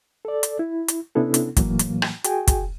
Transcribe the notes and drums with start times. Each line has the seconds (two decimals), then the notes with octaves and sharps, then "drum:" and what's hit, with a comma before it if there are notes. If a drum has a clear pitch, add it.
0.25 A4 D5
0.43 drum: hi-hat
0.59 E4
0.88 drum: hi-hat
1.15 C3 B3 C#4 D4 E4 A4
1.34 drum: hi-hat
1.57 A2 E3 F#3 A#3, drum: kick, hi-hat
1.79 drum: hi-hat
2.02 drum: rim click
2.24 F#4 G#4 G5 G#5, drum: hi-hat
2.48 drum: kick, hi-hat